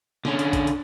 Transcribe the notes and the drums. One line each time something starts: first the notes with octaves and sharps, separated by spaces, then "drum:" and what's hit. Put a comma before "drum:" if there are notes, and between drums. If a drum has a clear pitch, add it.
D3 C#4, drum: snare
drum: hi-hat
drum: kick, hi-hat
drum: hi-hat